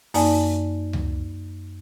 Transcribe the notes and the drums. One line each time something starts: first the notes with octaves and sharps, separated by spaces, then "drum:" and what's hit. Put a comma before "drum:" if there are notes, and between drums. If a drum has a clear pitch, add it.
F#2 A#3 D#4 D5 G#5 A5, drum: open hi-hat
drum: tom C#2